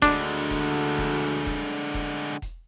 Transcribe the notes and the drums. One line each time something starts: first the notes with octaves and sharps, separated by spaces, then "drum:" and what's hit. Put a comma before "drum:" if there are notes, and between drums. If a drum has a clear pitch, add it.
D2 D3 G#3 D4, drum: kick E1
drum: hi-hat
drum: kick E1, hi-hat
drum: kick E1, hi-hat
drum: hi-hat
drum: kick E1, hi-hat
drum: hi-hat
drum: kick E1, hi-hat
drum: hi-hat
drum: kick E1, hi-hat